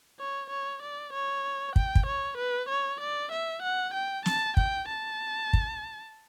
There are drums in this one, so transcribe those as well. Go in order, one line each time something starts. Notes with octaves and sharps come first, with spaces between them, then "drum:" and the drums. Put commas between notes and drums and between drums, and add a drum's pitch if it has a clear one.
C#5
C#5
D5
C#5
G5, drum: kick
drum: kick
C#5
B4
C#5
D5
E5
F#5
G5
A5, drum: snare
G5, drum: kick
A5
drum: kick